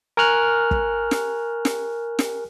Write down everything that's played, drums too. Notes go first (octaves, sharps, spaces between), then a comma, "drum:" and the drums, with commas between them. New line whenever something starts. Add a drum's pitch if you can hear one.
A#4 G#5 C#6 F6 F#6
drum: kick
drum: snare
drum: snare
drum: snare